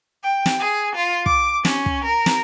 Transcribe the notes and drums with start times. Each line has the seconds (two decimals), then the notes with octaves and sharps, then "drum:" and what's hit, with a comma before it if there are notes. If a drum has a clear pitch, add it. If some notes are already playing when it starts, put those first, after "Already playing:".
0.24 G5
0.46 drum: snare
0.60 G#4
0.95 F4
1.26 D6, drum: kick
1.65 C#4, drum: snare
1.86 drum: kick
2.04 A#4
2.26 drum: snare